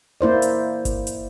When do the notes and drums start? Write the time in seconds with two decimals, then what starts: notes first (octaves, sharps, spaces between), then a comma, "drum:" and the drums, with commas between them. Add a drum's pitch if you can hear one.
0.21 A#3 E4 C5 D5
0.42 drum: hi-hat
0.85 drum: kick G1, hi-hat
1.07 drum: hi-hat